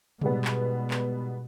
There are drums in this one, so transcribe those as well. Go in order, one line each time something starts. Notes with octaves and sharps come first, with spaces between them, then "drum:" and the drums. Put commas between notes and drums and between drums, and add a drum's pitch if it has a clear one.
G#2 B2 G3 B3, drum: tom C3
drum: clap
drum: clap